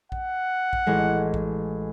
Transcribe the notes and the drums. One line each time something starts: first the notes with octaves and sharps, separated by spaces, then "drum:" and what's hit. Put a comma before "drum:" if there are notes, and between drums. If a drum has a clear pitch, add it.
F#5, drum: kick A#1
drum: kick A#1
A1 G#3
drum: kick A#1